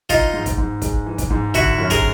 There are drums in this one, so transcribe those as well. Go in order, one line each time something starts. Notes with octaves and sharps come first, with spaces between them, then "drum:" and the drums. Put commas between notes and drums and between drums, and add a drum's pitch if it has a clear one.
E3 D#4 F4, drum: kick, hi-hat
G#2
drum: kick, hi-hat
G#2
G#3, drum: kick, hi-hat
E3
drum: kick, hi-hat
G#2
D3 E4 F#4, drum: kick, hi-hat
F#2
G#4 A#4, drum: kick, hi-hat